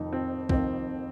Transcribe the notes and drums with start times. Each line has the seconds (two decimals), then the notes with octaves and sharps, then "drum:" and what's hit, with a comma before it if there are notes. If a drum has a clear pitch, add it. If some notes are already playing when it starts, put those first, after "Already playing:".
Already playing: F1 F2 D#3 D#4
0.13 C4
0.49 F1 F2 D#3 C4, drum: kick